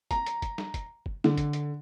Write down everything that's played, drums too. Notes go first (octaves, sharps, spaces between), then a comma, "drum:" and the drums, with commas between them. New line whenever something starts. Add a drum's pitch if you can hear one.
A#5, drum: kick, hi-hat
drum: hi-hat
drum: kick, hi-hat
drum: snare
drum: kick, hi-hat
drum: kick
D3, drum: snare
drum: kick, hi-hat
drum: hi-hat